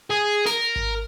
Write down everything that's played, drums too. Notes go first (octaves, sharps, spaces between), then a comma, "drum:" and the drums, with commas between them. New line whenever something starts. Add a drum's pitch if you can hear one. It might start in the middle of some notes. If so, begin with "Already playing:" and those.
G#4
A#4, drum: snare
drum: kick G#1